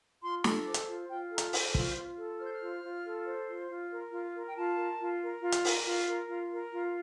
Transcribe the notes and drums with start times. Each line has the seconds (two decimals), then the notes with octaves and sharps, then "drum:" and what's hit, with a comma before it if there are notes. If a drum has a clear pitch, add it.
0.22 F4 C6
0.44 A4, drum: snare
0.65 C5 D6
0.74 drum: hi-hat
0.88 F4
1.09 F4 G5
1.31 A4
1.38 A#5, drum: hi-hat
1.53 C5, drum: open hi-hat
1.60 G6
1.67 F6
1.75 F4, drum: kick
1.91 G6
1.96 F4 F6
2.17 A4
2.39 C5 F6
2.46 G6
2.54 F6
2.61 F4
2.83 F4
3.04 A4
3.26 C5
3.48 F4
3.70 F4
3.90 A#4
4.12 F4
4.34 A#4
4.48 G5
4.56 F4 A5
4.77 A#4
4.99 F4
5.21 A#4
5.42 F4
5.52 drum: hi-hat
5.65 A#4, drum: open hi-hat
5.86 F4
6.07 A#4
6.29 F4
6.52 A#4
6.72 F4